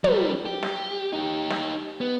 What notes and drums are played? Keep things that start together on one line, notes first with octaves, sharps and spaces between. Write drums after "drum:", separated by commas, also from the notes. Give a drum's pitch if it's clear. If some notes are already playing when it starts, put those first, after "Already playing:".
F#3 G3, drum: tom
G4
drum: snare
D#4 G4
drum: snare
B3